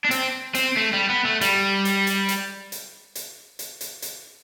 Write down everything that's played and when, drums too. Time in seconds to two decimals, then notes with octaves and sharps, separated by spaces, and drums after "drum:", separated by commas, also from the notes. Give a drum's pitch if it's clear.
0.05 D4
0.11 C4, drum: hi-hat
0.55 C4, drum: hi-hat
0.77 A3
0.93 G3
1.09 B3
1.25 A3
1.41 G3, drum: hi-hat
1.85 drum: hi-hat
2.07 drum: hi-hat
2.29 drum: hi-hat
2.72 drum: hi-hat
3.15 drum: hi-hat
3.59 drum: hi-hat
3.81 drum: hi-hat
4.02 drum: hi-hat